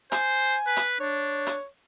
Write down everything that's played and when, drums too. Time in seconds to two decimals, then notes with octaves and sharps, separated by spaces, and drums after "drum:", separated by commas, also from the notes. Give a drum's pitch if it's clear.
0.12 C5 G#5, drum: hi-hat
0.67 B4
0.76 drum: hi-hat
1.00 D4 C#5
1.47 drum: hi-hat